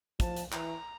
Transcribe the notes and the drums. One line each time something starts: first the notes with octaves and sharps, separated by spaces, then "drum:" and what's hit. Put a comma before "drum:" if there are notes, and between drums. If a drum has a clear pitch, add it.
F3 A5, drum: kick, hi-hat
drum: hi-hat
E3 A#5, drum: clap